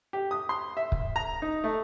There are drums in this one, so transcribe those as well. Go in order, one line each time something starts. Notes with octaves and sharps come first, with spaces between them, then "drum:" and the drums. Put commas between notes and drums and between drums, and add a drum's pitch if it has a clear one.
G4
D#6
C6
E5
drum: kick
A#5
D#4
A3